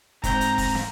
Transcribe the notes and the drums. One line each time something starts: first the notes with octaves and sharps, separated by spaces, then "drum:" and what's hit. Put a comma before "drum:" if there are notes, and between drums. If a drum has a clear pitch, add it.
G#2 C4 A#5 G6, drum: kick E1, hi-hat
drum: hi-hat
drum: kick E1, open hi-hat
drum: snare